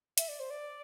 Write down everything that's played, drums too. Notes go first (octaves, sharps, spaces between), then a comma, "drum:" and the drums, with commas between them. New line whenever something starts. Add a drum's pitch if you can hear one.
E5, drum: hi-hat
D5
C5
D5